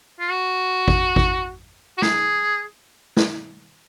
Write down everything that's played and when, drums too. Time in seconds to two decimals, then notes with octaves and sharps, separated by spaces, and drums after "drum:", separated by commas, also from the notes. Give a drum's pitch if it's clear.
0.20 F4
0.31 F#4
0.88 drum: kick G#1
1.16 drum: kick G#1
1.98 F#4
2.02 G#4, drum: snare
3.17 drum: snare